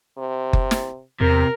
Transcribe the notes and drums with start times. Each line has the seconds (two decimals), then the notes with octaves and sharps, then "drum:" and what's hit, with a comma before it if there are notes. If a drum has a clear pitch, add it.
0.18 C3
0.53 drum: kick F#1
0.71 drum: snare
1.21 E2 C3 A#4